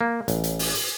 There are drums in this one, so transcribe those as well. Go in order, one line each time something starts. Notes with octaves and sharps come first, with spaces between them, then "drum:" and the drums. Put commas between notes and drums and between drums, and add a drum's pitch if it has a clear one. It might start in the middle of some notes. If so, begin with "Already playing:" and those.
A#3
A1, drum: hi-hat
drum: hi-hat
drum: open hi-hat
drum: hi-hat